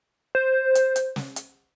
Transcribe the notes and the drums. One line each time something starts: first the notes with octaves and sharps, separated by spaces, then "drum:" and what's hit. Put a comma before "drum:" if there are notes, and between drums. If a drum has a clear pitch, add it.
C5
drum: hi-hat
drum: hi-hat
drum: snare
drum: hi-hat